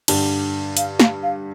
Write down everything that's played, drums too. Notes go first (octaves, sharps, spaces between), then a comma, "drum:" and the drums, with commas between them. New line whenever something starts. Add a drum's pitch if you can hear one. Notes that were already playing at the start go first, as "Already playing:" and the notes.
G2 D3 G3, drum: cymbal
F5, drum: hi-hat
F5, drum: snare
F5